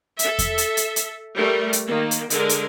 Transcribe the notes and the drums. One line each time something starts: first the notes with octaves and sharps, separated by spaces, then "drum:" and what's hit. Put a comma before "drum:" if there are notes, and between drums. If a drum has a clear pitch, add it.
A4 E5, drum: hi-hat
drum: kick E2, hi-hat
drum: hi-hat
drum: hi-hat
drum: hi-hat
G3 A3 A#4
drum: hi-hat
D#3 A#3
drum: hi-hat
D3 G#3 A#4, drum: hi-hat
drum: hi-hat